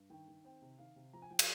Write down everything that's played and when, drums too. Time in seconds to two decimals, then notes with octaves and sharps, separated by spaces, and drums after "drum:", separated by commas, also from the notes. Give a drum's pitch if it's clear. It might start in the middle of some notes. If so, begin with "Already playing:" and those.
Already playing: G2
0.10 D#3 G5
0.28 D#3
0.45 C4 G5
0.62 C3
0.78 D#3 F5
0.96 C3
1.13 F3 A#5
1.22 G#5
1.30 F3 G5
1.39 F5, drum: cymbal